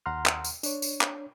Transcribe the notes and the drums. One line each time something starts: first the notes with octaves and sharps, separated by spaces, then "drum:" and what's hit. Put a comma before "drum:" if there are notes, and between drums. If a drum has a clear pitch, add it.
D#2 F#5 A#5 C6 F6
drum: clap
drum: tambourine
D4 C#5, drum: tambourine
drum: tambourine
drum: clap